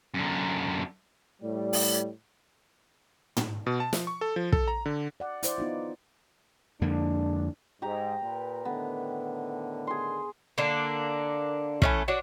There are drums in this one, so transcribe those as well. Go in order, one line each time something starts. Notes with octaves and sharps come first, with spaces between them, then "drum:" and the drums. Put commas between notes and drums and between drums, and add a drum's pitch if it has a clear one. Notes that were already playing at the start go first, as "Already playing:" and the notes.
F#2 D3
A2 G3
drum: open hi-hat
drum: tom
B2
A5
F3, drum: snare
C#6
A4
F3
A4, drum: kick
A#5
D3
D5 F#5
E4 C5 D5, drum: hi-hat
B3 D#4 F4
F2 D3 G#3 A#3 D4
G#2 G4 A#5
A#2 B4
A2 D3 D#3 B3
G#4 C6
D3 A#3 D4
E3 A3 C#4, drum: kick
D4 F#4 C#5